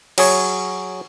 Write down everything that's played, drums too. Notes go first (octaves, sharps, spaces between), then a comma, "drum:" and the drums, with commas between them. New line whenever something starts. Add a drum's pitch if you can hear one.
F#3 G#4 C#5, drum: cymbal